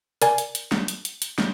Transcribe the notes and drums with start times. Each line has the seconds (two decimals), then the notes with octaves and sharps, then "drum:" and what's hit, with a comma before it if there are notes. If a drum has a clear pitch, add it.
0.22 A#4 D5 G#5, drum: hi-hat
0.38 drum: hi-hat
0.55 drum: hi-hat
0.72 drum: snare
0.88 drum: hi-hat
1.05 drum: hi-hat
1.22 drum: hi-hat
1.38 drum: snare